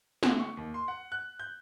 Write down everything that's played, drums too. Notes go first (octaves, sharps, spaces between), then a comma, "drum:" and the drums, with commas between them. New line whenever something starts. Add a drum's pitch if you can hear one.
D3, drum: snare
C#6
D#2
C6
F#5
F#6
G6